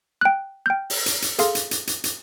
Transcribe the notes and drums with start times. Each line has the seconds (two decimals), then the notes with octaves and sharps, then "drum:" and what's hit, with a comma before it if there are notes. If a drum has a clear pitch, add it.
0.21 G5 F#6
0.66 G5 F6 G6
0.90 drum: open hi-hat
1.06 drum: hi-hat
1.22 drum: hi-hat
1.39 G#4 A4 F5 C6, drum: hi-hat
1.55 drum: hi-hat
1.71 drum: hi-hat
1.87 drum: hi-hat
2.04 drum: hi-hat